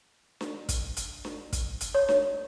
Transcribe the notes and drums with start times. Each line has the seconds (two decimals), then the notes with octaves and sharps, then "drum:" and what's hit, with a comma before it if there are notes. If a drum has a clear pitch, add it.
0.41 drum: snare D4
0.69 drum: kick, hi-hat
0.97 drum: hi-hat
1.25 drum: snare D4
1.53 drum: kick, hi-hat
1.81 drum: hi-hat
1.95 C#5
2.09 drum: snare D4